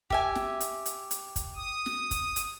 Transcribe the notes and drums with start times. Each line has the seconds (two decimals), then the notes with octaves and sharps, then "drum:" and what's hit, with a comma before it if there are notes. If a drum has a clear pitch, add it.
0.10 G4 E5 G#5, drum: kick
0.35 drum: snare
0.60 drum: hi-hat
0.86 drum: hi-hat
1.11 drum: hi-hat
1.36 drum: kick, hi-hat
1.56 D#6
1.86 drum: snare
2.11 drum: kick, hi-hat
2.36 drum: hi-hat